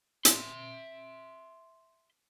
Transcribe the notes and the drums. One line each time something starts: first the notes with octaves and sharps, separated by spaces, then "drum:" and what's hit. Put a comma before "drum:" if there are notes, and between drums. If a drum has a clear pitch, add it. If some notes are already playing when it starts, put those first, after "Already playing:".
E5 C6, drum: hi-hat